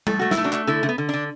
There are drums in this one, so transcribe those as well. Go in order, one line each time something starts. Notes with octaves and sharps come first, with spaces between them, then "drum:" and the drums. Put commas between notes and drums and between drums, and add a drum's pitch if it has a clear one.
A3 A4, drum: tom G3
A3 F#4
E4, drum: snare
A3
D4 F#4
A3, drum: clap
D3 E4 A4
D3
B3
D3
D3 D4